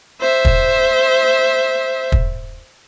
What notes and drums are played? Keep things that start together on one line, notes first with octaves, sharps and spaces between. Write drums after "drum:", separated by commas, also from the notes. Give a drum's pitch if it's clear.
C5 E5
drum: kick
drum: kick